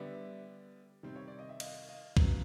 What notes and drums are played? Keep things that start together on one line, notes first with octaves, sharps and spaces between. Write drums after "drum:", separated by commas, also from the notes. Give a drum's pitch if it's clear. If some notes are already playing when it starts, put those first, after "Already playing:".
Already playing: D3 G3 B3 D5 E5
C3 D#3 G3 C4
C#5
D5
D#5
E5
D#5 F5, drum: cymbal
D#5 F5
C#3 F#3 B3, drum: kick